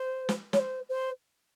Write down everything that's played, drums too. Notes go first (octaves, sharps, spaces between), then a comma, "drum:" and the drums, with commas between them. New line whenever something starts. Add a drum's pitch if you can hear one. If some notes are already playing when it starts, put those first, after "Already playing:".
Already playing: C5
drum: snare
C#5, drum: snare
C5
C5